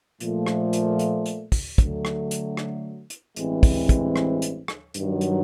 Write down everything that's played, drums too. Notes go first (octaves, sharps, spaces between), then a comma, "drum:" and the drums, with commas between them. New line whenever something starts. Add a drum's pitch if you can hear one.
A#2 F3 A3, drum: hi-hat
drum: rim click
drum: hi-hat
drum: hi-hat
drum: hi-hat
drum: kick, open hi-hat
D3 F#3 A3, drum: kick, hi-hat
drum: rim click
drum: hi-hat
drum: rim click
drum: hi-hat
A1 G2 E3 G#3 C4, drum: hi-hat
drum: kick, open hi-hat
drum: kick, hi-hat
drum: rim click
drum: hi-hat
drum: rim click
G2 D#3 F#3, drum: hi-hat
drum: hi-hat